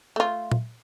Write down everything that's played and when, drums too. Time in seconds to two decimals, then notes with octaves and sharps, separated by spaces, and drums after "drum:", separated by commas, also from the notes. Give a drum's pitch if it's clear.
0.16 A3 F4
0.52 drum: tom A#2